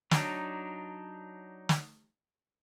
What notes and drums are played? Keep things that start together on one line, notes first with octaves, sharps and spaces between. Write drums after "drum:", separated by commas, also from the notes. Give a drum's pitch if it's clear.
F#3 D4 D#4, drum: snare
drum: snare